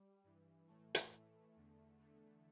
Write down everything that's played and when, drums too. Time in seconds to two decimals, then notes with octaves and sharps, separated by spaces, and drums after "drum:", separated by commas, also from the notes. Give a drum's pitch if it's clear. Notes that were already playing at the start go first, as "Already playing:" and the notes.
Already playing: G3
0.24 G2 E3
0.68 A2 E3 A3
0.95 drum: hi-hat
1.11 A2 E3 A3
1.56 E2 D3
1.99 E2 D3 A3